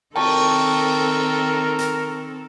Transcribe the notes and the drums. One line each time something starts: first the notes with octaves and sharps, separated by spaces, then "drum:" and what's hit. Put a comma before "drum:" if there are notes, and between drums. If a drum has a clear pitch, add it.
D#3 C4 A4 A#4 G5 A5 C#6, drum: cymbal
drum: hi-hat